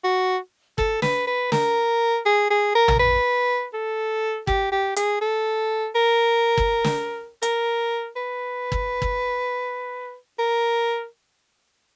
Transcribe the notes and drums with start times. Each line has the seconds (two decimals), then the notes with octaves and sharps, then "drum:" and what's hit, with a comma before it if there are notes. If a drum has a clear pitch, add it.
0.04 F#4
0.78 A4, drum: kick
1.02 B4, drum: snare
1.27 B4
1.52 A#4, drum: snare
2.26 G#4
2.50 G#4
2.75 A#4
2.88 drum: tom
2.99 B4
3.74 A4
4.47 G4, drum: kick
4.72 G4
4.96 G#4, drum: hi-hat
5.21 A4
5.95 A#4
6.58 drum: kick
6.84 drum: snare
7.42 A#4, drum: hi-hat
8.16 B4
8.72 drum: kick
9.02 drum: kick
10.39 A#4